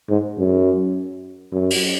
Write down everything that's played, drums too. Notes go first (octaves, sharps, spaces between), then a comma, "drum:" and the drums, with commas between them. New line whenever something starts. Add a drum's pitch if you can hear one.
G#2
F#2
F#2
drum: open hi-hat